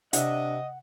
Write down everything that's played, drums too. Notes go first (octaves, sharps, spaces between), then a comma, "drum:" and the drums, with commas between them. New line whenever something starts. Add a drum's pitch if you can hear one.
C3 D4 D#5 E5 F#5, drum: hi-hat